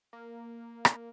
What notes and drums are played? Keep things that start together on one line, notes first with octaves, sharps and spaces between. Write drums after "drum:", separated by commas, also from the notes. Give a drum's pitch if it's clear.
A#3
drum: rim click